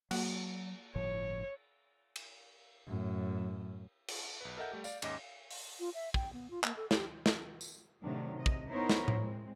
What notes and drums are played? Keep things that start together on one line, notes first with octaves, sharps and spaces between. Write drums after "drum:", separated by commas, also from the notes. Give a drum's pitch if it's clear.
F#3 A#3 F#4, drum: cymbal
G1 A2 F3 C#5
drum: cymbal
F#2 A2
drum: cymbal
B1 B4
A4 A#4 D#5 E5 F#5 G6
G3 A3 G4
D5 F5, drum: tambourine
D#2 G#2 C#4 D#5 D6 A#6, drum: cymbal
drum: open hi-hat
F4
E5
G5, drum: kick
B3
F4
A#3, drum: clap
A4
G4, drum: snare
drum: snare
drum: tambourine
A2 C3 D#3 F#3 D4
C3 D#5
drum: kick
B3 D#4 E4 A#4 C5 C#5
drum: snare
drum: tom A2
G#3 C4